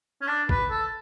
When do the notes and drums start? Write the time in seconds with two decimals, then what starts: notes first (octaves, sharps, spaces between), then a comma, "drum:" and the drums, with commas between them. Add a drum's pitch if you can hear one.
0.21 C#4
0.27 D4
0.49 B4, drum: kick A#1
0.70 A4